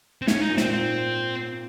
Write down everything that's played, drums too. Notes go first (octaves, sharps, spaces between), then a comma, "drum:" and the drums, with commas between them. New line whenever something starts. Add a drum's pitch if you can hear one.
C4
G#2 C#4, drum: snare
D#4
A#2
C4, drum: snare
A#2
G#2 C4